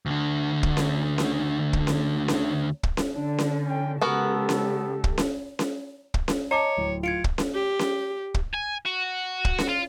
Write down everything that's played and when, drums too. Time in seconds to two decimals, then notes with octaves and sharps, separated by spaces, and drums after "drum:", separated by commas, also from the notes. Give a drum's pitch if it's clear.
0.06 D2 D3
0.63 drum: kick
0.77 drum: snare C#4
1.18 drum: snare C#4
1.73 drum: kick
1.87 drum: snare C#4
2.28 drum: snare C#4
2.83 drum: kick
2.97 drum: snare C#4
3.12 D3 D4
3.38 drum: snare C#4
3.66 C#4 G5
4.02 C#3 G#3 B3 F#4 G4 A4 A#4
4.49 drum: snare C#4
5.04 drum: kick
5.18 drum: snare C#4
5.59 drum: snare C#4
6.14 drum: kick
6.28 drum: snare C#4
6.51 C#5 D#5 A5 A#5 D6
6.77 D1
7.04 F4 G#6 C#7 D7
7.24 drum: kick
7.38 drum: snare C#4
7.55 G4
7.79 drum: snare C#4
8.34 drum: kick
8.54 G#5
8.85 F#4
9.45 drum: kick
9.58 drum: snare C#4
9.69 F4